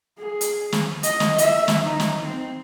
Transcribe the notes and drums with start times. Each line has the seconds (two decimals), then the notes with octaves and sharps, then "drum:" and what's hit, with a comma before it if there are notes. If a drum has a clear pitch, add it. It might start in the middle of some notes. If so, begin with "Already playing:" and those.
0.18 G#4
0.41 drum: hi-hat
0.72 drum: snare
1.03 D#5, drum: hi-hat
1.20 drum: snare
1.38 E5, drum: hi-hat
1.68 drum: snare
1.84 D#4
2.00 drum: snare
2.24 C4